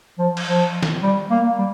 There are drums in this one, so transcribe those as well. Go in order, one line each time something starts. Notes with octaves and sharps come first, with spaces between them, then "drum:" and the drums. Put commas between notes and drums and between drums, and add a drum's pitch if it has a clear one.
F3
drum: cymbal
F3
drum: snare
G3
A#3
G3